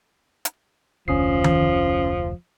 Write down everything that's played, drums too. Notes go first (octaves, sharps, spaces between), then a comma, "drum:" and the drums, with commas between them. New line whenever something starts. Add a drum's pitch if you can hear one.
drum: hi-hat
F1 D2 F3 C#4 D#6 C7
drum: tom D#3